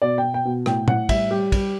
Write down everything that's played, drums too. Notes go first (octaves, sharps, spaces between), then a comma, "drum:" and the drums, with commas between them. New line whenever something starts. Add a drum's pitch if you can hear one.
B2 D5
B2 G5
G5
B2
A2 G5, drum: rim click
A2 F#5, drum: tom
G3 E5, drum: kick, cymbal
G3 G4
G3, drum: kick, cymbal